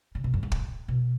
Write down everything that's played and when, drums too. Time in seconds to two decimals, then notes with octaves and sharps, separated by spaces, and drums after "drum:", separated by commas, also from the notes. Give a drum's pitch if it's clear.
0.15 C#3
0.24 B2
0.34 F#2
0.43 G#2
0.52 A2, drum: kick
0.88 B2